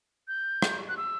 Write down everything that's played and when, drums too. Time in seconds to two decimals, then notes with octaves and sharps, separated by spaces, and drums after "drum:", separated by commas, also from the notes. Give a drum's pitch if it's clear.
0.28 G6
0.62 drum: rim click
0.89 F#6
0.97 E6